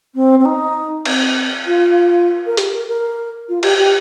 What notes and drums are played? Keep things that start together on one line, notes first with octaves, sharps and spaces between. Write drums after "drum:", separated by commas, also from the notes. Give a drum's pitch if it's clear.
C4
C4
D#4
C4, drum: cymbal
F4
A#4
G4, drum: hi-hat
A#4
A#4
F4
G4, drum: cymbal
G4